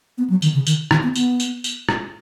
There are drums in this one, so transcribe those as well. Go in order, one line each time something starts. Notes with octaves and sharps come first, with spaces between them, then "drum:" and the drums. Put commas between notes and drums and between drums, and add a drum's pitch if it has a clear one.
B3
F#3
D#3, drum: tambourine
C#3
D#3, drum: tambourine
D#3, drum: rim click
B3
B3, drum: tambourine
drum: tambourine
drum: tambourine
drum: rim click